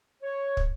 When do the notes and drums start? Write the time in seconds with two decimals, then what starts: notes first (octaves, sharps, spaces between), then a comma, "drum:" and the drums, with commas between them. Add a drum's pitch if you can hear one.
0.22 C#5
0.57 drum: kick